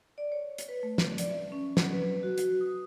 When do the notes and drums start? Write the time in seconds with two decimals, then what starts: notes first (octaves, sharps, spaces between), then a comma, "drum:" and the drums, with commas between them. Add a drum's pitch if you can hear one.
0.18 D5
0.32 C#5
0.58 drum: hi-hat
0.69 B4
0.83 A3
0.98 drum: snare
1.18 D5, drum: hi-hat
1.30 E5
1.52 C#4
1.77 F#3, drum: snare
1.93 B4
2.23 F#4
2.38 drum: hi-hat
2.61 D#6